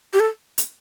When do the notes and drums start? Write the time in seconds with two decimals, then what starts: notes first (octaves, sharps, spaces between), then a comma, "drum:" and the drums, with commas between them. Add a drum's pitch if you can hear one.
0.13 G4
0.20 A4
0.58 drum: hi-hat